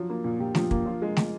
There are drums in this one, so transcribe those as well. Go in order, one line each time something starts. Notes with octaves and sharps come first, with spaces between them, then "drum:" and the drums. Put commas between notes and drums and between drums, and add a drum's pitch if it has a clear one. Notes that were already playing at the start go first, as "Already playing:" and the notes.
Already playing: F3 F#3
A#3
A#2
A#2 G4
F3, drum: snare
A#3, drum: kick
F3 F4
G#3
drum: snare